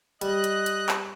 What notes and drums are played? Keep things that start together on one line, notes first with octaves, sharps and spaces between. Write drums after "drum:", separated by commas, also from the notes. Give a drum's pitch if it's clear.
G3 D#5 F#6, drum: hi-hat
drum: hi-hat
drum: hi-hat
drum: clap